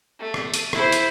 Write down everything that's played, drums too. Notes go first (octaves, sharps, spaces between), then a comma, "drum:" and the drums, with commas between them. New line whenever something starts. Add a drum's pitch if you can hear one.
A3
drum: rim click
drum: hi-hat
E4 C5, drum: rim click
drum: hi-hat